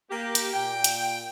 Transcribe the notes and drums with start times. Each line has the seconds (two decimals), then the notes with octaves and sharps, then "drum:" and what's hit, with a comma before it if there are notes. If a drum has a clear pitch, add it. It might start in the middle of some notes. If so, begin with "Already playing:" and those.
0.11 A#3 G4
0.35 drum: hi-hat
0.53 A#2 G5
0.84 drum: hi-hat